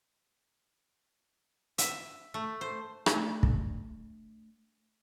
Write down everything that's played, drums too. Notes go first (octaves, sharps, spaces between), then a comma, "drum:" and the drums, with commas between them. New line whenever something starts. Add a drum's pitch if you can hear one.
E5, drum: hi-hat
A3
C5
A3 D4 G#5, drum: rim click
drum: kick